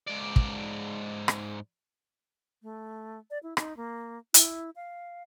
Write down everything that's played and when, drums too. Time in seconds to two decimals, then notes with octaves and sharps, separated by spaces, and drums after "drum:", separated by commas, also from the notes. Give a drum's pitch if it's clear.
0.07 G#2 D5
0.36 drum: kick
1.28 drum: rim click
2.63 A3
3.30 D5
3.43 E4
3.57 D#4, drum: rim click
3.77 A#3
4.34 E4, drum: hi-hat
4.76 F5